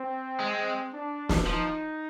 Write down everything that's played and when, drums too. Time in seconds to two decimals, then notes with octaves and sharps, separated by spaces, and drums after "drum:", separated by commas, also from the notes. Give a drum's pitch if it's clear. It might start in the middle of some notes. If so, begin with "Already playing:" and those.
Already playing: C4
0.40 G#3
0.93 D4
1.29 drum: snare
1.47 F3 D#4